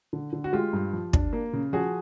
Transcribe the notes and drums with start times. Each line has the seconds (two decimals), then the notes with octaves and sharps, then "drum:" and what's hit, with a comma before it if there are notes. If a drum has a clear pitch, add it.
0.13 D3
0.33 D3
0.44 F#4
0.53 G#3 F4 G4
0.73 G2
0.93 F3
1.13 D4, drum: kick
1.33 A#3
1.53 C#3
1.73 F3 F#4 G#4